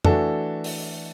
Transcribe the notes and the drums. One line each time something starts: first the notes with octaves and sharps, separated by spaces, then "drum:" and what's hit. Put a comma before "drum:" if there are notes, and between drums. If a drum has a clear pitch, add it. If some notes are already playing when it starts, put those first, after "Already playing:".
E3 A3 D4 F#4 A4, drum: tom
drum: open hi-hat